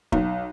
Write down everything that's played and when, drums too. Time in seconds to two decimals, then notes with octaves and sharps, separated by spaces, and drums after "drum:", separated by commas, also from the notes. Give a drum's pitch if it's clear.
0.12 B1, drum: kick